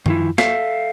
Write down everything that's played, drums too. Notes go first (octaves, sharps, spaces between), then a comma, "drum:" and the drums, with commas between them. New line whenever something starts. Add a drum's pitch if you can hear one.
D#3 F3 E4, drum: tom F#2
A4 E5 F5, drum: snare